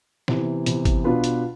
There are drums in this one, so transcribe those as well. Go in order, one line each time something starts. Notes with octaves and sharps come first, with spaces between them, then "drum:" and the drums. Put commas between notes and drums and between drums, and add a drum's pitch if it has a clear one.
C3 E3 B3, drum: snare
C3 E3 B3, drum: hi-hat
drum: kick, hi-hat
B2 B3 D4 F4 B4
drum: hi-hat